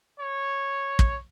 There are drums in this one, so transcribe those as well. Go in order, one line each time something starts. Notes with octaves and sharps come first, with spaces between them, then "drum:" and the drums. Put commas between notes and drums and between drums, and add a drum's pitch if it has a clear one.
C#5
drum: kick